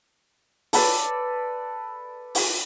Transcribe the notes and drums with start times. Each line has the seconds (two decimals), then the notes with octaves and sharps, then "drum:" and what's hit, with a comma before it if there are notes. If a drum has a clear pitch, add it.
0.73 A4 B4 D5, drum: open hi-hat
2.35 drum: open hi-hat